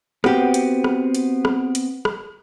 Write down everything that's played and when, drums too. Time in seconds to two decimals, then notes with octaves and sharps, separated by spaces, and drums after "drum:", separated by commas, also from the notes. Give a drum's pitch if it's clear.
0.24 B3 C4 F#4 G4, drum: rim click
0.54 drum: hi-hat
0.84 drum: rim click
1.15 drum: hi-hat
1.45 drum: rim click
1.75 drum: hi-hat
2.05 drum: rim click